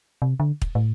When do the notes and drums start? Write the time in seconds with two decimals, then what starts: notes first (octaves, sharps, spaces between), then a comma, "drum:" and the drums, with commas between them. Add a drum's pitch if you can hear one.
0.22 C3
0.40 D3
0.62 drum: kick
0.75 A2